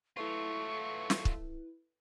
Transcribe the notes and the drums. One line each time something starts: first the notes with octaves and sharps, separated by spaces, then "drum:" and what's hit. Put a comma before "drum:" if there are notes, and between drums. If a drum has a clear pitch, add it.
F#3 A3 E4 F4 B4 C#6
drum: snare
drum: kick